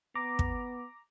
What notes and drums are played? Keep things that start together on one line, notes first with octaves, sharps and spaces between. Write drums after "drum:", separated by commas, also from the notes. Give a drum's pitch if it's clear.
B3 A#5 D6
drum: kick